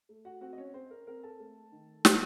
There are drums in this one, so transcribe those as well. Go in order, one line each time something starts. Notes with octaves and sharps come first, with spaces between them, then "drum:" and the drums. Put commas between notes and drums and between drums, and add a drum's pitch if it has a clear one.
A3
F#4 F#5
C4 F#4 F#5
D#5
C#4 C#5
C4 C5
A#4
C4 A#4
A4 A5
A3
D#3
A3, drum: snare